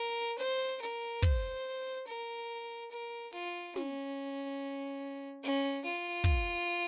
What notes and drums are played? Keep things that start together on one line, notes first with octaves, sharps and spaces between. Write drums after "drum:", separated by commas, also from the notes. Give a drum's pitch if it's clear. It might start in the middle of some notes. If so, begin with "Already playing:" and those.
Already playing: A#4
C5
A#4
C5, drum: kick
A#4
A#4
F4, drum: hi-hat
C#4, drum: snare
C#4
F4
drum: kick